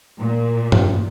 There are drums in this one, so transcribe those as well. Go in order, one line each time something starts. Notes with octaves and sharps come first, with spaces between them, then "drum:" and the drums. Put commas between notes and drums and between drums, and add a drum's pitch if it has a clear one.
A#2
drum: tom G2